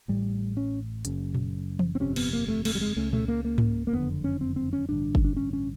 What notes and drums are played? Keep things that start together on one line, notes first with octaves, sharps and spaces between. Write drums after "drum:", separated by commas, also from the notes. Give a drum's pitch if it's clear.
A1 A2 G3
C#4
F#1 F#2 C#3, drum: hi-hat
drum: tom A#2
drum: tom E3
C4
G1 F2 C3 C#4
B3, drum: cymbal
A#3
A3
A3, drum: cymbal
G3
G#3
C#2 C#3 A3
A3, drum: tom A#2
A#3
A#3
drum: tom G#2
A#3
F#1 F2 D3 B3
C#4
C4
C4
C#4
A1 G2 D3 D4
drum: kick
D4
C#4
C#4